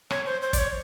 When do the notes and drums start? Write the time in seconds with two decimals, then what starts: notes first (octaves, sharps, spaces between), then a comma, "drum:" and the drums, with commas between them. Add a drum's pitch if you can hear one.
0.10 C#5, drum: rim click
0.26 C5
0.42 C5
0.53 D5, drum: kick, hi-hat
0.58 C#5